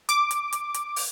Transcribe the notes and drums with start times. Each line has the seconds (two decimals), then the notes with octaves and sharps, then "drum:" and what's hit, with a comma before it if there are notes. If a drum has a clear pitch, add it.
0.09 D6, drum: hi-hat
0.31 drum: hi-hat
0.53 drum: hi-hat
0.74 drum: hi-hat
0.96 drum: open hi-hat